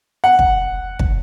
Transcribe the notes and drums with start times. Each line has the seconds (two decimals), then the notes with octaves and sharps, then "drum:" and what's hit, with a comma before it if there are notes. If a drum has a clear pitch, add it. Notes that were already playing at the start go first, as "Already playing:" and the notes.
0.24 F#5
0.39 drum: kick
0.99 drum: kick